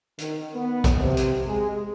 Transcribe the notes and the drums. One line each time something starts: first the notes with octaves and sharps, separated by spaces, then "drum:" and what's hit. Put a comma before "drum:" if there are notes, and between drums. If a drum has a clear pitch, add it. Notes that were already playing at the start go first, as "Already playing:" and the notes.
D#3, drum: hi-hat
B3
drum: kick A1, hi-hat
C3
drum: hi-hat
G#3